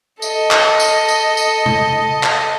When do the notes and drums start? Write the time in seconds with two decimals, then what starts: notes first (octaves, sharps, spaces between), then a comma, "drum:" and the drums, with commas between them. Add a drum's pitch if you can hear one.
0.22 A4 D#5, drum: tambourine
0.51 drum: clap
0.80 drum: tambourine
1.08 drum: tambourine
1.37 drum: tambourine
1.66 drum: tom C3
2.23 drum: clap